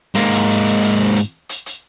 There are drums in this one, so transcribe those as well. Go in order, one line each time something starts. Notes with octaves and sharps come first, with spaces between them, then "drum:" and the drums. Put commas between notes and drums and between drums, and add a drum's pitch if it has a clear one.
G#2 A#3, drum: hi-hat
drum: hi-hat
drum: hi-hat
drum: hi-hat
drum: hi-hat
drum: hi-hat
drum: hi-hat
drum: hi-hat